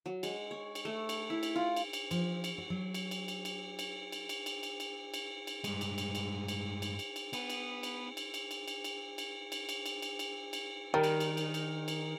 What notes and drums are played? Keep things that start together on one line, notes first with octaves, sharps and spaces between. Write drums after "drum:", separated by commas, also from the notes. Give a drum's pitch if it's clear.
F#3
G#3, drum: cymbal
C#5
drum: cymbal
A3
drum: cymbal
E4
drum: cymbal
F4
drum: cymbal
drum: cymbal
F3, drum: cymbal
drum: cymbal
F#4
F#3
drum: cymbal
drum: cymbal
drum: cymbal
drum: cymbal
drum: cymbal
drum: cymbal
drum: cymbal
drum: cymbal
drum: cymbal
drum: cymbal
drum: cymbal
drum: cymbal
G2 G#3, drum: cymbal
drum: cymbal
drum: cymbal
drum: cymbal
drum: cymbal
drum: cymbal
drum: cymbal
drum: cymbal
B3, drum: cymbal
drum: cymbal
drum: cymbal
drum: cymbal
drum: cymbal
drum: cymbal
drum: cymbal
drum: cymbal
drum: cymbal
drum: cymbal
drum: cymbal
drum: cymbal
drum: cymbal
drum: cymbal
drum: cymbal
D#3 G3 A#4
drum: cymbal
drum: cymbal
drum: cymbal
drum: cymbal
drum: cymbal